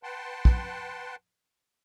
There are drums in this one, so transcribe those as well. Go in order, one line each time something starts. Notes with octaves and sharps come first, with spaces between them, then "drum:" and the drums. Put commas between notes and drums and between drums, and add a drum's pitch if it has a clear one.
B4 F#5 G5 A5 C6
drum: kick